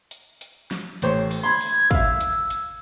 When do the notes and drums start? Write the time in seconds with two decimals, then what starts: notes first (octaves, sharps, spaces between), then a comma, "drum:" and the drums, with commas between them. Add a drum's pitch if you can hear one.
0.11 drum: hi-hat
0.41 drum: hi-hat
0.71 drum: snare
1.02 A1 C5 C#5, drum: hi-hat
1.31 drum: open hi-hat
1.43 B5 C6 G#6
1.61 drum: open hi-hat
1.91 E5 F5 E6, drum: kick
2.20 drum: hi-hat
2.50 drum: hi-hat